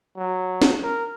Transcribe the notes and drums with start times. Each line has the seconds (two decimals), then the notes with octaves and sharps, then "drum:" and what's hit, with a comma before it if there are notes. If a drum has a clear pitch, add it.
0.17 F#3
0.62 drum: snare
0.83 A#4